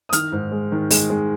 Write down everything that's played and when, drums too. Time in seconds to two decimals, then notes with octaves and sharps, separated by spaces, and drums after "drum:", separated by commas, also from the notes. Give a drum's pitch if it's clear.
0.09 D#6
0.13 D#3 F6, drum: hi-hat
0.32 G#2
0.52 G#3
0.72 D#3
0.90 G#3, drum: open hi-hat
1.10 G#3